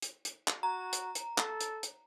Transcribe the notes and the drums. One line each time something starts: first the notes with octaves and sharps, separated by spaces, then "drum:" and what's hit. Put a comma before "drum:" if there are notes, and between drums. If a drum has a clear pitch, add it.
drum: hi-hat
drum: hi-hat
drum: clap
F#4 A#5
drum: hi-hat
drum: hi-hat
A4, drum: clap
drum: hi-hat
drum: hi-hat